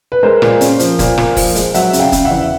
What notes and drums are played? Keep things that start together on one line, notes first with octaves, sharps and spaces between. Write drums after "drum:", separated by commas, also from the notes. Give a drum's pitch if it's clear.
B4
G#3 A#4 C5
A#2, drum: rim click
C#4, drum: hi-hat
F3, drum: hi-hat
A#2, drum: kick, hi-hat
A#2, drum: rim click
F3, drum: kick, open hi-hat
G#3, drum: hi-hat
F#3 E5 F#5, drum: hi-hat
C#3, drum: hi-hat
F5 G5
C#3, drum: kick, hi-hat
E5 F#5
E2